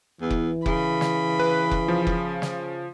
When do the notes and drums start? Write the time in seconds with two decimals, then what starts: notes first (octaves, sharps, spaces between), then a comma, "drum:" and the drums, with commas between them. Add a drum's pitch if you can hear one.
0.21 E2 E3
0.30 drum: kick F1
0.66 C#3 B5, drum: kick F1
1.01 drum: snare
1.39 B4
1.71 drum: kick F1
1.88 F3
2.07 drum: kick F1
2.42 drum: snare